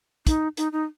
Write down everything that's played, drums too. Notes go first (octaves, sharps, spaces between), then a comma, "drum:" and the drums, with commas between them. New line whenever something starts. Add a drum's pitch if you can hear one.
D#4, drum: kick, hi-hat
D#4, drum: hi-hat
D#4